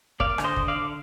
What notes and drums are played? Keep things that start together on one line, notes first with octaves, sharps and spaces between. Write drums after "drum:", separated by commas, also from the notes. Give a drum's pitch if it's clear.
A#3 D5 F5, drum: kick
D3, drum: rim click
C5 D#5
D3, drum: kick
D5 F5
D3